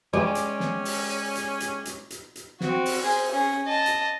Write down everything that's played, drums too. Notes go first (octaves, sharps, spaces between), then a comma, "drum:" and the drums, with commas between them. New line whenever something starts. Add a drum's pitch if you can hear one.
G#3 C#4 D5 G5 D6
drum: hi-hat
drum: snare
drum: open hi-hat
drum: hi-hat
drum: hi-hat
drum: hi-hat
drum: hi-hat
drum: hi-hat
C4 F#4, drum: snare
drum: open hi-hat
G#4 C5
C#4 G#4
D#5 A5
drum: hi-hat